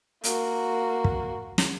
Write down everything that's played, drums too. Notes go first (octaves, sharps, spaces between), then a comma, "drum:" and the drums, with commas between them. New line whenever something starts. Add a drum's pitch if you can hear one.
A#3 F#4, drum: hi-hat
drum: kick
drum: snare